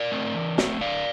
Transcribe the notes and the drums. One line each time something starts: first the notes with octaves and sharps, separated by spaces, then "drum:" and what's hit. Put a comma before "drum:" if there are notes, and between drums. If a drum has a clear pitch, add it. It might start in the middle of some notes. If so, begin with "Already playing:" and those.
Already playing: A#4 D5
A3 C4
E3
A3 C4, drum: snare
D3 D5 F5